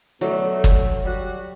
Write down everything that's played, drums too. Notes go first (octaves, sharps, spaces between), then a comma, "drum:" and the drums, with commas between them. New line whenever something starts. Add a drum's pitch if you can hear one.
B2 D3 F#3 A3
drum: kick
G3 F#4